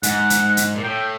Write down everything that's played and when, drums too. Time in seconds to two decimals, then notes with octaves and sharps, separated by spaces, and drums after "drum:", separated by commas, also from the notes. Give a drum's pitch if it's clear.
0.03 G#2 F#5, drum: hi-hat
0.30 drum: hi-hat
0.57 drum: hi-hat
0.74 A#2
0.84 A2 G5